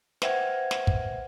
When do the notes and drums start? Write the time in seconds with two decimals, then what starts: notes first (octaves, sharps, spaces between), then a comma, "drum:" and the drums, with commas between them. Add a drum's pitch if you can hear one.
0.22 B4 C5 E5 F#5 G5 G#6, drum: snare
0.71 drum: snare
0.87 drum: kick